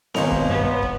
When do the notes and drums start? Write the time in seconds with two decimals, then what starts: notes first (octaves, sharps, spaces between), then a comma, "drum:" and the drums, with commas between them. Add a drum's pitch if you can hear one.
0.15 G#1 D#2 B2 C#4 D#5 F7, drum: snare C4
0.32 drum: kick
0.49 G2 B3
0.83 drum: kick